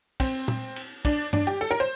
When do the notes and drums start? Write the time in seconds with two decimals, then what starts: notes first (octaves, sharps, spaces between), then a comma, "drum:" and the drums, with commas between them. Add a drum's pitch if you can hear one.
0.20 C4, drum: kick, cymbal
0.48 drum: tom
0.76 drum: cymbal
1.05 D4, drum: kick, cymbal
1.33 D4, drum: tom G2
1.47 G4
1.61 A4
1.71 A#4
1.80 C5